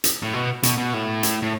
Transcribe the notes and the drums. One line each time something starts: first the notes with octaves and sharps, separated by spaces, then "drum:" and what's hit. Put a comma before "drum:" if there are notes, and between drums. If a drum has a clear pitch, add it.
drum: hi-hat
A2
B2
B2, drum: hi-hat
B2
A2
drum: hi-hat
A2